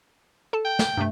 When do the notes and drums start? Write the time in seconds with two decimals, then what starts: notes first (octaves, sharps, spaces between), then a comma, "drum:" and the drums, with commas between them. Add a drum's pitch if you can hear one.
0.53 A4 A5
0.65 G5
0.79 drum: snare
0.97 G2 C3 A3